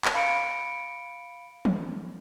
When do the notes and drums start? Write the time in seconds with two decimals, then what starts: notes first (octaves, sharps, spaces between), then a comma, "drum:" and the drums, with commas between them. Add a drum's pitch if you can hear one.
0.05 drum: clap
0.14 F5 B5 C#7 D7
1.65 drum: tom